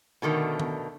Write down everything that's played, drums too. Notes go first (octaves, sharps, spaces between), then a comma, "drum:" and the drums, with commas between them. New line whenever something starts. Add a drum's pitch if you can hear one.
B2 D3 D#3 A3
drum: tom D#3